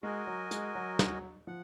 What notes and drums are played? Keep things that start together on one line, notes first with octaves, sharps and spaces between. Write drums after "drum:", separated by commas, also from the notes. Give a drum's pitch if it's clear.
G#3 F#4 A#4 D#5 G#5
F#3
G#3, drum: hi-hat
F#3
drum: snare
F3 F#5